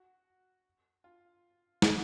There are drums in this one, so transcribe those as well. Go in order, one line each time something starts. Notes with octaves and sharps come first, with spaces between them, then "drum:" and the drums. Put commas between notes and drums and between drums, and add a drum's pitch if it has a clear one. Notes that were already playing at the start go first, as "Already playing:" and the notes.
Already playing: F#4
F4
drum: snare